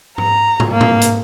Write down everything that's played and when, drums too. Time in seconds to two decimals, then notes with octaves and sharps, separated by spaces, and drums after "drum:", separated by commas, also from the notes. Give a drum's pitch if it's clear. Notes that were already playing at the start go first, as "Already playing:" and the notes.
0.18 A#5, drum: tom G#2
0.60 drum: tom
0.72 A#3
0.81 drum: tom
1.01 drum: hi-hat